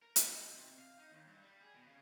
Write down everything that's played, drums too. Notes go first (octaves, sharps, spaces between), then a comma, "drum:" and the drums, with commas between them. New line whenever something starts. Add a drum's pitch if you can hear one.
A#4
F5, drum: hi-hat
D#4
C3
F5
D#4
D#2
G2
G3
G#4
B2
C#3